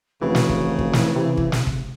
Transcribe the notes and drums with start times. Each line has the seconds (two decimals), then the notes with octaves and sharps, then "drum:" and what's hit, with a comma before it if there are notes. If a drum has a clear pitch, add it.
0.22 F1 C#3 E3 F#4
0.35 drum: snare
0.49 drum: kick
0.79 drum: kick
0.93 E3, drum: snare
1.16 C3
1.37 drum: kick
1.52 drum: snare
1.67 drum: kick